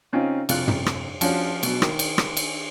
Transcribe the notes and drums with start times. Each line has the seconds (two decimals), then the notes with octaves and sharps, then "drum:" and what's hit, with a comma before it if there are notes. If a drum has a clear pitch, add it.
0.13 C#3 C4 C#4 D#4 F4
0.49 C2 F2 F4 F5 F#6, drum: cymbal
0.68 drum: tom
0.86 drum: rim click
1.21 F3 C#4 D4 F4 F#4 C#5, drum: cymbal
1.63 B2 F#3, drum: cymbal
1.82 D#3, drum: rim click
1.99 drum: cymbal
2.18 drum: rim click
2.37 drum: cymbal